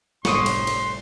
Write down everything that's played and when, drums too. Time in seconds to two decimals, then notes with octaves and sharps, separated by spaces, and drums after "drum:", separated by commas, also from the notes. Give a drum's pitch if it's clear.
0.25 G1 C2 A2 C6 C#6 D#6, drum: snare
0.46 drum: cymbal
0.67 drum: cymbal